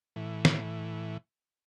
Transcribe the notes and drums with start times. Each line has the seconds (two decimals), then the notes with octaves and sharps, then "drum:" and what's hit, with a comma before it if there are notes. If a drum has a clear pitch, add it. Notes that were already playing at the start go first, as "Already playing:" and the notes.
0.16 A2 E3
0.45 drum: snare